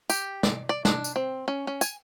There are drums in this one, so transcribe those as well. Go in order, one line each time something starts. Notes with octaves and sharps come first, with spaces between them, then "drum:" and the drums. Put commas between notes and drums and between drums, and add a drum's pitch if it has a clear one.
G4, drum: tambourine
D5, drum: snare
D5
D4, drum: snare
drum: tambourine
C4
C#4
C#4
G#5, drum: tambourine